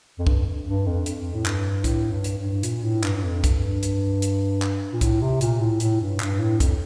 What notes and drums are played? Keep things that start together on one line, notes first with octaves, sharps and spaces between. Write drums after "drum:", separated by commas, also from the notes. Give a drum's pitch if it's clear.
F2
G2, drum: kick
G2
F2
F2, drum: hi-hat
A2
G2, drum: clap
A2, drum: kick, hi-hat
G2
drum: hi-hat
G2
A#2, drum: hi-hat
A2
G2, drum: clap
G2
F2
G2, drum: kick, hi-hat
drum: hi-hat
drum: hi-hat
drum: clap
A#2
A2, drum: kick, hi-hat
C3
A#2, drum: hi-hat
A2
A2, drum: hi-hat
G2
G2, drum: clap
A2
F2, drum: kick, hi-hat